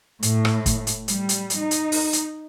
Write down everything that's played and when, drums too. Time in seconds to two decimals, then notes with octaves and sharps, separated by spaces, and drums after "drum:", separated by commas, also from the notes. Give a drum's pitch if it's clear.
0.23 A2, drum: hi-hat
0.45 drum: rim click
0.66 drum: kick, hi-hat
0.87 drum: hi-hat
1.08 G3, drum: hi-hat
1.29 drum: hi-hat
1.50 drum: hi-hat
1.60 D#4
1.71 drum: hi-hat
1.92 drum: open hi-hat
2.13 drum: hi-hat